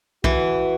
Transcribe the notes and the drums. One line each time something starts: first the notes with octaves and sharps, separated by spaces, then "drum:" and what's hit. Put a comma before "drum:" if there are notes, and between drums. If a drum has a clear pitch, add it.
E3 F#4, drum: kick